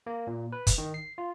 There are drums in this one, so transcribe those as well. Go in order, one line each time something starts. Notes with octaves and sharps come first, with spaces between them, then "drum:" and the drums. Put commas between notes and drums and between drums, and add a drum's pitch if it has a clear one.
A#3
A#2
B4
drum: kick, hi-hat
D#3
C7
F4